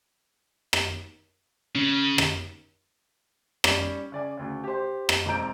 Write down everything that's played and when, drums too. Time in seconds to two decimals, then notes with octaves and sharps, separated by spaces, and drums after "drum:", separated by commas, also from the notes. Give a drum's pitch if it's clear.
0.73 drum: rim click
1.75 C#3 C#4
2.18 drum: rim click
3.64 G3 C#4, drum: rim click
4.12 C#3 D5 G#5
4.37 D2 C#3
4.64 G4 C5
5.09 drum: rim click
5.26 E1 C4 F4 A#5 G6 D7